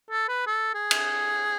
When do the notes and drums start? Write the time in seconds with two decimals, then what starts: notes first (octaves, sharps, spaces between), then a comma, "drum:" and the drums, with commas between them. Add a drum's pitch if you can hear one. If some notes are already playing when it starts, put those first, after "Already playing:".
0.10 A4
0.28 B4
0.47 A4
0.74 G#4
0.91 drum: cymbal